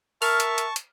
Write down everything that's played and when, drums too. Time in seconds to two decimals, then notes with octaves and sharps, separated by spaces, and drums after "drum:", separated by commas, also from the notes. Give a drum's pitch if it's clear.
0.22 A#4 E5 A5 C#6 F6, drum: open hi-hat
0.40 drum: hi-hat
0.58 drum: hi-hat
0.76 drum: hi-hat